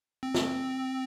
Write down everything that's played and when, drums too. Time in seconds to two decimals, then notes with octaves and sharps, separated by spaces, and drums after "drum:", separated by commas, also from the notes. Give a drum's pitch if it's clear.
0.23 C4
0.34 drum: snare